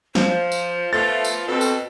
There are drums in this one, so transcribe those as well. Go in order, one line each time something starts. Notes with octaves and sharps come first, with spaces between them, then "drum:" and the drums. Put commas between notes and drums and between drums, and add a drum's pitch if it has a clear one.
F3 C5, drum: snare
drum: tambourine
F3 A3 B3 F4 A6
drum: tambourine
B2 C4 A4
drum: tambourine